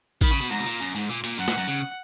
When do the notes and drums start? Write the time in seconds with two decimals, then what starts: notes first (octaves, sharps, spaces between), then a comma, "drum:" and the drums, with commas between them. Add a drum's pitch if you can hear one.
0.21 D#3 B5, drum: kick A1
0.31 C#3
0.41 B2
0.50 G#2 A#5
0.59 B2
0.65 A#2
0.80 F#2
0.95 G#2
1.09 A#2
1.24 A#2, drum: hi-hat
1.38 F#2 F#5
1.48 G#2, drum: snare
1.58 F#2
1.68 C#3